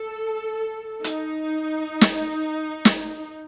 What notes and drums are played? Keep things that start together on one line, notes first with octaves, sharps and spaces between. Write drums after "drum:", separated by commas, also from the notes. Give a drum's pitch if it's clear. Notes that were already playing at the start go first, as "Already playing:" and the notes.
Already playing: A4
D#4, drum: hi-hat
drum: snare
drum: snare